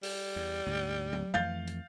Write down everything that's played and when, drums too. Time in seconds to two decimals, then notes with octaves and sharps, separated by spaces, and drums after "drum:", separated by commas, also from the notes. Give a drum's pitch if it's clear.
0.03 G3, drum: open hi-hat
0.36 E2
0.66 D2 G#2
1.13 drum: tom F#3
1.34 F2 E3 A3 F5 G6 A6
1.67 drum: hi-hat